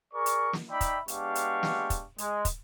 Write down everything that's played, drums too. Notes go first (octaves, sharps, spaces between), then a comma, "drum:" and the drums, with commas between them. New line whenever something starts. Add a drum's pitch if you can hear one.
G#4 A#4 D5 C#6
drum: hi-hat
drum: snare
D#4 D5 E5 G5 B5
drum: kick, hi-hat
G#3 B3 D4 G4 F5 C#6, drum: hi-hat
drum: hi-hat
drum: snare
drum: kick, hi-hat
G#3, drum: hi-hat
drum: kick, hi-hat